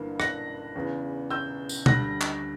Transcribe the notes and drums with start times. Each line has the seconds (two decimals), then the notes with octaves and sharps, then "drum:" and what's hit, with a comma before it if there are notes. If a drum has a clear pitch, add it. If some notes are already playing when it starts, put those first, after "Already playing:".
Already playing: G1 G2 E3 A#3
0.20 F#6 A#6, drum: rim click
0.76 E2 C#3 E3
1.30 E6 G6
1.69 drum: tambourine
1.86 D2 D3 G3 F#6 A#6, drum: tom B2
2.21 drum: clap